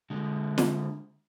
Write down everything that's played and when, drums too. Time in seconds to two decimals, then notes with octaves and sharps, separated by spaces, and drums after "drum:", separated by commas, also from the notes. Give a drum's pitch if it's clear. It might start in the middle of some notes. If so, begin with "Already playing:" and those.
0.10 D3 G#3
0.58 drum: snare